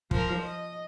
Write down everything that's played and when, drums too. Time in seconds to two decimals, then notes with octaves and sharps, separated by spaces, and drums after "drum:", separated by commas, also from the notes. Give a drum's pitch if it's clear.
0.11 F3 A#4, drum: kick
0.42 D#5